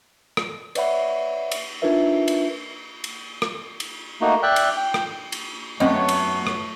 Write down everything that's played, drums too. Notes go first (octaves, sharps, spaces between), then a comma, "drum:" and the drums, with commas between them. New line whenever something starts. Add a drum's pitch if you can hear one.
drum: rim click
B4 C#5 D5 E5 F#5 B5, drum: cymbal
drum: cymbal
D4 D#4 F4 A#4 B4 E5
drum: cymbal
drum: cymbal
drum: rim click
drum: cymbal
A3 A#3 D#4 F#4
D5 E5 G5 F#6
drum: cymbal
G5
drum: rim click
drum: cymbal
F#2 A3 B3 C4 C#5 D#5
drum: cymbal
drum: rim click